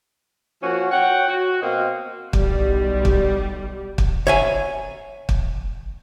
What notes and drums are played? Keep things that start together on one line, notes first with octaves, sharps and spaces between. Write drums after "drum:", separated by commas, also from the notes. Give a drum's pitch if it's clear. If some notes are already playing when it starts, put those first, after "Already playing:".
F3 A#3 C#4 F#4
C#5 F#5 G5
F#4
B2 A#3 C4 D#5 F5 G5
B1 B2 G3, drum: kick
drum: kick
drum: kick
C#5 E5 G#5
drum: kick